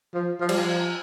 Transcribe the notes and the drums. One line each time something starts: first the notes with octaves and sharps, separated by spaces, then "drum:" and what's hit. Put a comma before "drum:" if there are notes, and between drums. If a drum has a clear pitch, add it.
F3
F3
G3, drum: cymbal
F3